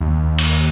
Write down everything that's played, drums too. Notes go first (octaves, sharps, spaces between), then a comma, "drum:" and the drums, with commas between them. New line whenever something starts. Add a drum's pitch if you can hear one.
D#2
drum: cymbal